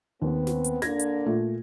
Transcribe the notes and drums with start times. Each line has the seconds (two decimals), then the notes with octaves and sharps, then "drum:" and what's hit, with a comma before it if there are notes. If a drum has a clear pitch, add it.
0.22 D#2 B3 C4
0.47 drum: snare
0.64 drum: hi-hat
0.82 D3 A#3 D4 G#6 A#6, drum: snare
0.99 drum: hi-hat
1.26 A#2 A3